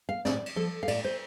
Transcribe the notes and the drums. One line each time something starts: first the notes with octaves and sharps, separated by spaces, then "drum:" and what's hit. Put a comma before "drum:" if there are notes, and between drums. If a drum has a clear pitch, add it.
F5
A2 D5, drum: snare
drum: cymbal
F3 A4
F5
A2 D5, drum: cymbal
C5